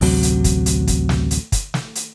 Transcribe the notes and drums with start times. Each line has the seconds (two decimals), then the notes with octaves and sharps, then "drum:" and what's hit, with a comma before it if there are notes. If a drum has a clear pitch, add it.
0.01 A1 D2 C3 F#3, drum: open hi-hat
0.23 drum: hi-hat
0.44 drum: kick, hi-hat
0.66 drum: hi-hat
0.87 drum: kick, hi-hat
1.09 drum: snare
1.31 drum: hi-hat
1.52 drum: kick, hi-hat
1.74 drum: snare
1.95 drum: hi-hat